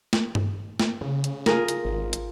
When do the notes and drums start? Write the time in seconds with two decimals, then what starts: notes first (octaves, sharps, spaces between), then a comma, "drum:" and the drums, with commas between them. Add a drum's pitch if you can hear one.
0.13 drum: snare
0.35 drum: tom G2
0.80 drum: snare
1.01 C#3
1.24 drum: hi-hat
1.46 F4 G#4 A#4, drum: snare
1.68 drum: hi-hat
1.85 G#1
2.13 drum: hi-hat